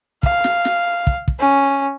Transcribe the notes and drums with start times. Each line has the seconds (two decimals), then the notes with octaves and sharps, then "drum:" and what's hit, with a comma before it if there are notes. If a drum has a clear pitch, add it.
0.23 F5, drum: kick
0.44 drum: snare
0.65 drum: snare
1.07 drum: kick
1.28 drum: kick
1.39 C#4